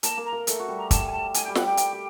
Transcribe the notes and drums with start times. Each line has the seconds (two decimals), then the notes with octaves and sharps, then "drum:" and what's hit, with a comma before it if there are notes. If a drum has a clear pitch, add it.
0.03 A#3 A#4 A5, drum: hi-hat
0.17 A#3 A#4
0.26 A#5
0.32 A#3 A#4
0.47 A3 A4, drum: hi-hat
0.60 F#4
0.68 G3 G4
0.78 A#5
0.91 A5, drum: kick, hi-hat
1.07 G#5
1.12 A5
1.34 G#5, drum: hi-hat
1.45 G5
1.48 G3 G4
1.55 F#5, drum: snare
1.62 G3 G4 G5
1.77 drum: hi-hat
1.93 G4